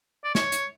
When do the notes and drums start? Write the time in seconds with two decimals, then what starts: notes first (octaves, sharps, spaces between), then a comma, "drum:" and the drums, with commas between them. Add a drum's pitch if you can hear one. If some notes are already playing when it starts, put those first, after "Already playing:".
0.24 D5
0.35 C#5, drum: snare
0.52 drum: hi-hat